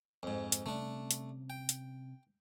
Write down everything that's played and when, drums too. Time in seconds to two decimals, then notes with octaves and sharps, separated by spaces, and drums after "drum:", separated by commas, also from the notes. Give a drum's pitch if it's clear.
0.23 F2 G#2
0.52 drum: hi-hat
0.66 C3 G3 A3 C#4 D4
1.11 drum: hi-hat
1.50 G5
1.69 drum: hi-hat